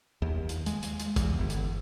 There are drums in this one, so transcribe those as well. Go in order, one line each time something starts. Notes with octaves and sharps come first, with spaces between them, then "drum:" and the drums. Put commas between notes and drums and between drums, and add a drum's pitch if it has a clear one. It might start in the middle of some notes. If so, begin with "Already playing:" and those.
D#2
drum: hi-hat
G#3, drum: hi-hat
drum: hi-hat
drum: hi-hat
E2, drum: kick, hi-hat
G1
drum: hi-hat